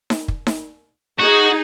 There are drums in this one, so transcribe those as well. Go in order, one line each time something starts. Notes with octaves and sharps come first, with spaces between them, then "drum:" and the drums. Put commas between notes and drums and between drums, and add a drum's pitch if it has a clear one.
drum: snare D#4
drum: kick
drum: snare D#4
D#4 F#4 G#4